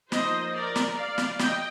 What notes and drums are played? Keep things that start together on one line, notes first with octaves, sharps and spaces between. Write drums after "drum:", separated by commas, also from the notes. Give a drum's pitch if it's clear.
F3 A#3 D#4 C5 D#5, drum: snare
A#4 D5
drum: snare
D5 F5
drum: snare
D#5 G5, drum: snare